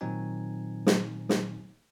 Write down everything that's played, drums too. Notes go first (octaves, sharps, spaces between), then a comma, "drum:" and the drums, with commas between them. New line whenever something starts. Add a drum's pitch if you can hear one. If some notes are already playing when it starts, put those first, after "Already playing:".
A#2 D#3 F#3 C4 D#4 G#5
drum: snare
drum: snare